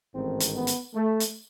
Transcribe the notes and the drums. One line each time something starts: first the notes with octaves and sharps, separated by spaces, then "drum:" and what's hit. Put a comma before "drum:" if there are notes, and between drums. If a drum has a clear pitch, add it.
A1 G#2 D#3 C4
drum: hi-hat
B3
drum: hi-hat
A3
drum: hi-hat